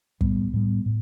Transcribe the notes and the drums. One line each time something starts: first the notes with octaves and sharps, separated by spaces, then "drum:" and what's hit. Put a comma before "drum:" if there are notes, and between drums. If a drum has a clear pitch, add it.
A2 G3 B3, drum: kick
A2 G3 B3
A2